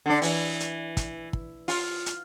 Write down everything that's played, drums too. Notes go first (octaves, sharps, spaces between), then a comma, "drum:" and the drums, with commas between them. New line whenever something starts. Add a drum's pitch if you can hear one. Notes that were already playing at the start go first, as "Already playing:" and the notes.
D3 D4
E3, drum: open hi-hat
drum: hi-hat
drum: kick, hi-hat
drum: kick
F4, drum: open hi-hat
drum: hi-hat